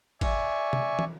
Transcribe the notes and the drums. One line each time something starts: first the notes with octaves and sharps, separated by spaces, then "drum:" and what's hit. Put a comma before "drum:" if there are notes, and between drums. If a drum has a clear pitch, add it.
D5 E5 G#5 C#6, drum: kick G#1, cymbal
drum: tom C3
drum: tom